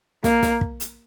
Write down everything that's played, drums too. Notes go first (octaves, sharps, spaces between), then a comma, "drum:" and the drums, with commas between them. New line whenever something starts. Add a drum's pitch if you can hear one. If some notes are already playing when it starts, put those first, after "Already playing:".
A#3, drum: snare
drum: snare
drum: kick
drum: hi-hat